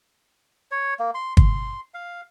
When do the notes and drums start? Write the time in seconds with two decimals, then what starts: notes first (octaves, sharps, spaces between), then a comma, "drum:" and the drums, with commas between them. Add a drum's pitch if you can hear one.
0.71 C#5
0.99 A#3
1.15 C6
1.37 C6, drum: kick
1.94 F5